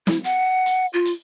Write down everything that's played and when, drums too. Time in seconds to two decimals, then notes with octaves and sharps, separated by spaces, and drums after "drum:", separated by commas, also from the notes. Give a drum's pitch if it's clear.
0.07 E4, drum: snare
0.24 F#5, drum: hi-hat
0.66 drum: hi-hat
0.93 F4
1.05 drum: hi-hat